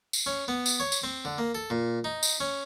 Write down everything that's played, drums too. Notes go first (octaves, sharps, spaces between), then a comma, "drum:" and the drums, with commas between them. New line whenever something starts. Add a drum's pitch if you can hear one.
drum: tambourine
C#4
B3
drum: tambourine
C#5
drum: tambourine
C4
D3
A#3
A4
A#2
D#4
drum: tambourine
C#4